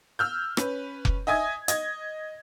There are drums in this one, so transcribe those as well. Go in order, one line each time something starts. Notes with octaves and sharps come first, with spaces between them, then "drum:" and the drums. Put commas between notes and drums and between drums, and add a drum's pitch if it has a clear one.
E6 F6 G6
C#4 B4, drum: rim click
drum: kick F1
D#5 E5 G#5 D#6 G#6
D#5 G#6, drum: hi-hat